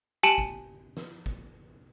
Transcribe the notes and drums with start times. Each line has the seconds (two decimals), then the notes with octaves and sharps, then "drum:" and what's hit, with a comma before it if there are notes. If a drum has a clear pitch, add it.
0.23 G4 G#5 A5 D#7 E7 F#7
0.38 drum: kick
0.97 drum: snare
1.26 drum: kick